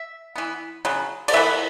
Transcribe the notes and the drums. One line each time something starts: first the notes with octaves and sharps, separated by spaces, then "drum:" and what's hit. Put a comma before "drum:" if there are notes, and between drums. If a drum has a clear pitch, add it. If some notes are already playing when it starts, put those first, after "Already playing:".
Already playing: E5
E3 B3
C#3 F#3 B3
D5, drum: cymbal
E3 B3 E5